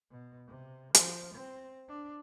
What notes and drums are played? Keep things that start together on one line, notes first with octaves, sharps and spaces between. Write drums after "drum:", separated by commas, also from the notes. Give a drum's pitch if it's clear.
B2
C3
F3, drum: hi-hat
C4
D4